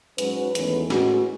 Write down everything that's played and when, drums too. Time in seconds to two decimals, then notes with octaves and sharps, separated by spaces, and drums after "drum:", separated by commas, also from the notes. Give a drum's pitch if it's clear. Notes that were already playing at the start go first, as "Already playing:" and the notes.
0.18 G#2 F#3 C#4 B4, drum: hi-hat
0.55 E2 D#3 A3 C#4, drum: hi-hat
0.90 A2 G#3 C#4 F#4, drum: snare